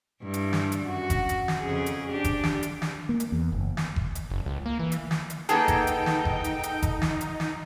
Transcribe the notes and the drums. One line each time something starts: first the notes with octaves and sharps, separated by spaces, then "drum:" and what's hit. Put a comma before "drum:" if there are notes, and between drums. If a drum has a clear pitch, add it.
G2 E4
drum: hi-hat
drum: snare
drum: hi-hat
F#2 F#4
drum: kick F#1, hi-hat
drum: hi-hat
drum: snare
F2 C#3 G#4
drum: hi-hat
D4 G4
drum: kick F#1, hi-hat
drum: snare
drum: hi-hat
drum: snare
A#3
drum: hi-hat
E2
F#1
drum: snare
drum: kick F#1
drum: hi-hat
F#1
C#2
A#3
E3
drum: hi-hat
drum: snare
drum: hi-hat
A#3 B3 D#4 G#4 A4 G5, drum: hi-hat
drum: kick F#1, hi-hat
drum: hi-hat
drum: snare
drum: kick F#1
drum: hi-hat
drum: hi-hat
drum: kick F#1, hi-hat
drum: snare
drum: hi-hat
drum: snare